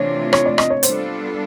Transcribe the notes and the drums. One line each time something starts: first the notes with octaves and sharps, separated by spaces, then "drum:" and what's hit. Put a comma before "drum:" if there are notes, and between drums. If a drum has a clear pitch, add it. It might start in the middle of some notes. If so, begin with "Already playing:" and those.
Already playing: C3 E3 A3 D4 F4 C#5
C#5, drum: rim click
D5
D#5, drum: rim click
C#5
G3 B3 D4 F4 A4 C5, drum: hi-hat